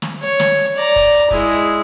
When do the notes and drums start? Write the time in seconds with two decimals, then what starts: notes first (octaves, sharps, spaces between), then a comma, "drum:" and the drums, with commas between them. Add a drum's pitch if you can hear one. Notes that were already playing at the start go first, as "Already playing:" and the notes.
0.02 drum: snare
0.22 C#5, drum: hi-hat
0.40 drum: snare
0.58 drum: hi-hat
0.77 D5 A#5, drum: hi-hat
0.96 drum: kick, open hi-hat
1.15 drum: hi-hat
1.31 G#3 E4, drum: kick, open hi-hat
1.52 drum: hi-hat